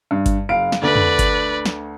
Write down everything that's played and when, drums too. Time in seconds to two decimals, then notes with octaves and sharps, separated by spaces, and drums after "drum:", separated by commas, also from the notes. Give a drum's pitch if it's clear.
0.11 G2
0.26 drum: kick G1, hi-hat
0.49 F#1 F5 D7
0.72 drum: snare
0.82 D2 D3 A3 B4 D5
0.96 drum: tom
1.19 drum: kick G1, hi-hat
1.65 drum: snare